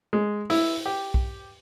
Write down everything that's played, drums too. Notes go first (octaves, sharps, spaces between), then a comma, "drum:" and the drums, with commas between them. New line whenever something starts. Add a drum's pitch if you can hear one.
G#3
E4, drum: open hi-hat
G4
drum: kick B1